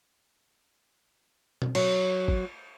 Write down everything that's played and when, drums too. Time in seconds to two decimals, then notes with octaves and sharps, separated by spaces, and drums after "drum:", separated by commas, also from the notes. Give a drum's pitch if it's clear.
1.62 drum: tom B2
1.75 F#3, drum: cymbal
2.28 drum: kick G#1